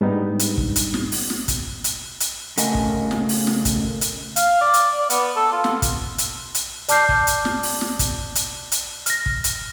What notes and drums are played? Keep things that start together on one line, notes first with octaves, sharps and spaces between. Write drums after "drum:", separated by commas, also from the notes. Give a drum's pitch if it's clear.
G#2 G3 B3 D4 D#4
drum: hi-hat
drum: kick
drum: hi-hat
drum: snare
drum: open hi-hat
drum: snare
drum: kick, hi-hat
drum: hi-hat
drum: hi-hat
C#3 A3 A#4 D#5 F#5 G#5, drum: hi-hat
drum: kick
drum: snare
drum: open hi-hat
drum: snare
drum: kick, hi-hat
drum: hi-hat
F5, drum: hi-hat
D5
drum: hi-hat
D5
B3, drum: hi-hat
A4
F4
drum: snare
drum: kick, hi-hat
drum: hi-hat
drum: hi-hat
D5 A5 D6 F6 G6 C7, drum: hi-hat
drum: kick
drum: hi-hat
drum: snare
drum: open hi-hat
drum: snare
drum: kick, hi-hat
drum: hi-hat
drum: hi-hat
F6 A#6, drum: hi-hat
drum: kick
drum: hi-hat